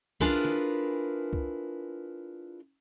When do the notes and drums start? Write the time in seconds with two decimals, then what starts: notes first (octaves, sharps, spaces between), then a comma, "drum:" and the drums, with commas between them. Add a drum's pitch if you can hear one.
0.20 D4 E4 F4 G#4 A#4 B4, drum: kick C2
0.45 drum: snare
1.33 drum: kick C2